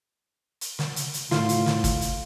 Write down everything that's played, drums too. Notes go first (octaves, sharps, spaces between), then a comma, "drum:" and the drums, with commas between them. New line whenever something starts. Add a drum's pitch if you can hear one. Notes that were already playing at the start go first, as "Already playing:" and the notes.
drum: hi-hat
drum: snare
drum: hi-hat
drum: hi-hat
A2 F4, drum: snare
drum: hi-hat
drum: snare
drum: kick G#1, hi-hat
drum: hi-hat